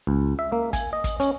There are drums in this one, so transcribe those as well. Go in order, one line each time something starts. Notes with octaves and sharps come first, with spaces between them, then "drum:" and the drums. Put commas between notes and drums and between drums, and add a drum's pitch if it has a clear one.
C#2
E5
A#3
G#5, drum: kick, hi-hat
D#5
drum: kick, hi-hat
C#4, drum: hi-hat